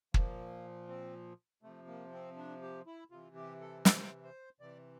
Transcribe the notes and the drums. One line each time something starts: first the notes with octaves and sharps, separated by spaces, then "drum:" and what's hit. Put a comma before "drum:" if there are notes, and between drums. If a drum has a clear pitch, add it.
A#2 F3 A#3, drum: kick
C4
C3 F3 A3
A#3
C4
D4
G4
E4
C3 E3 F4
G4
A4
C5, drum: snare
C5
C3 E3 D5